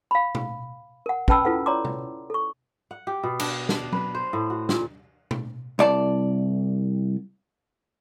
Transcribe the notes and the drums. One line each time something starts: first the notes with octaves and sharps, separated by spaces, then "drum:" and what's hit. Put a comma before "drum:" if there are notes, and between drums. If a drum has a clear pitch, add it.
F5 B5
drum: tom B2
A#4 F#5
C#4 B4 G5 A5 B5 E6, drum: kick
E4 F4 A4 B4 F#5
C#5 D5 A#5 C6 D6
drum: tom C3
A4 C#6
F#5
G4
B2
D4, drum: cymbal
D4, drum: snare
B4, drum: tom F#3
C5
A2
F#4
A#2, drum: snare
drum: tom B2
C2 D5 A5